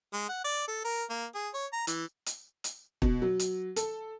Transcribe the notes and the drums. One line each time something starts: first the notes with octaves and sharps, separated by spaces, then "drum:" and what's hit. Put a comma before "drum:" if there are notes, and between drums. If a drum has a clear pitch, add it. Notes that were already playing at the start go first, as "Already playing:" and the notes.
G#3
F#5
D5
A4
A#4
A#3
G#4
C#5
A#5
E3, drum: hi-hat
drum: hi-hat
drum: hi-hat
B2, drum: kick
F#3
drum: hi-hat
A4, drum: hi-hat